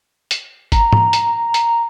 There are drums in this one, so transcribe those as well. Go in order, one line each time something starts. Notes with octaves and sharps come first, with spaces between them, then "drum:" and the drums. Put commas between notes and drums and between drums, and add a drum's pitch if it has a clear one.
drum: hi-hat
A#5, drum: kick G#1, hi-hat
drum: tom
drum: hi-hat
drum: hi-hat